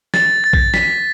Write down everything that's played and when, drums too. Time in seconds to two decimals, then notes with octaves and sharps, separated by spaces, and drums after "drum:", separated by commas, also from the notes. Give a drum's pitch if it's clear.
0.14 A6, drum: snare
0.44 A6
0.53 drum: kick
0.74 B6, drum: snare